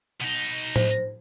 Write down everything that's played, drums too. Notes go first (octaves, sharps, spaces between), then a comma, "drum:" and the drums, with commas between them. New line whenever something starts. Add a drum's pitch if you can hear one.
B2 D#4
C5, drum: tom A2